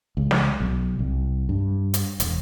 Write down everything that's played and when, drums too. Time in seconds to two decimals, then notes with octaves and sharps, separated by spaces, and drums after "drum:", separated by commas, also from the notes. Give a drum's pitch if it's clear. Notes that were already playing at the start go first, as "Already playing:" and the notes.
0.17 C#2
0.31 drum: snare
0.60 B1
0.99 C2
1.49 G2
1.94 drum: hi-hat
2.20 E1, drum: hi-hat